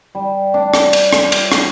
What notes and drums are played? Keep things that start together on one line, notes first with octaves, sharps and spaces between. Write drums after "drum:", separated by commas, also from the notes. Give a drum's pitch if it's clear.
G3
D4
drum: rim click
drum: cymbal
drum: rim click
drum: cymbal
drum: rim click